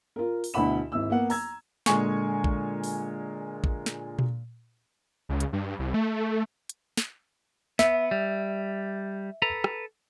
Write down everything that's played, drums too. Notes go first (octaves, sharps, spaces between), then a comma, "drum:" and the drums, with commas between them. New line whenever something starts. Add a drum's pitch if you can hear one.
F4 A#4
drum: open hi-hat
D2 B2 E4 F#5 B5 E7
G#1 E4 E6
A#3 B3 F#5
A#5 E6 G#6, drum: open hi-hat
A#2 D3 G#3 G#4 G#5 C#6, drum: snare
drum: kick
drum: open hi-hat
drum: kick
drum: snare
drum: tom A#2
C#2
drum: hi-hat
G2
C2
A3
drum: hi-hat
drum: snare
B3 E5, drum: snare
G3
A4 B4 A#5
drum: rim click